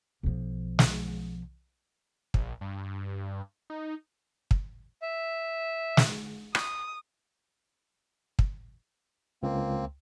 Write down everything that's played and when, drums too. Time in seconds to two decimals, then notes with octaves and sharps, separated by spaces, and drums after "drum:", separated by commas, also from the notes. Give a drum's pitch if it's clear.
0.23 B1 F3
0.79 drum: snare
2.34 A#1, drum: kick
2.61 G2
3.70 D#4
4.51 drum: kick
5.02 E5
5.97 drum: snare
6.55 D#6, drum: rim click
8.39 drum: kick
9.43 C#2 A#3 C4